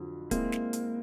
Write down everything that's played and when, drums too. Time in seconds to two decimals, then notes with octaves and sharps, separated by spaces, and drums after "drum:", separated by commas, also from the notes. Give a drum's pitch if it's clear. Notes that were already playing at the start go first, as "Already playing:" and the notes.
Already playing: F2 D3 F#3
0.31 G#3 A#3 C4 E4, drum: kick, hi-hat
0.52 drum: snare
0.73 drum: hi-hat